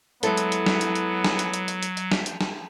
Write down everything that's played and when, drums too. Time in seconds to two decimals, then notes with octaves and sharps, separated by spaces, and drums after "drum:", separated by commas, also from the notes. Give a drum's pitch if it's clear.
0.23 F#3 G#3 B3 E4 A4, drum: hi-hat
0.37 drum: hi-hat
0.52 drum: hi-hat
0.66 drum: snare
0.81 drum: hi-hat
0.95 drum: hi-hat
1.24 drum: snare
1.39 drum: hi-hat
1.54 drum: hi-hat
1.68 drum: hi-hat
1.83 drum: hi-hat
1.97 drum: hi-hat
2.12 drum: snare
2.26 drum: hi-hat
2.41 drum: snare